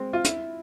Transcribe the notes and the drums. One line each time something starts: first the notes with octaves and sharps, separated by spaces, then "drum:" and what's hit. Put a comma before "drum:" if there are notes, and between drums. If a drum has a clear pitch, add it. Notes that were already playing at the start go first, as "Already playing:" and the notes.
Already playing: G#3 C4
F4
E4, drum: hi-hat